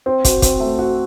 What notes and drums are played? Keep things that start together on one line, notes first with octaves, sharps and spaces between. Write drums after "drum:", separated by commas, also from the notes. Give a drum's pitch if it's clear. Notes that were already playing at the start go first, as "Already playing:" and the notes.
C4
F#4, drum: kick, hi-hat
C4, drum: kick, hi-hat
A3
F#4